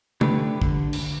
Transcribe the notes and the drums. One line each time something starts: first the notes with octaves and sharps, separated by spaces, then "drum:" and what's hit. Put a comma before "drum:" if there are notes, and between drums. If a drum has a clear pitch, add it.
D3 A3 D4 G4 B4, drum: tom
D3, drum: kick
drum: cymbal